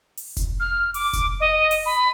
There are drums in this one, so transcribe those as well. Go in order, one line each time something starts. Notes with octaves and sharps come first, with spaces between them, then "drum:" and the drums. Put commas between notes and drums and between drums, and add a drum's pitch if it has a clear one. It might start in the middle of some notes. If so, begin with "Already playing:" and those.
drum: open hi-hat
drum: kick F1, hi-hat
F6
D6, drum: open hi-hat
drum: kick F1, hi-hat
D#5
drum: open hi-hat
B5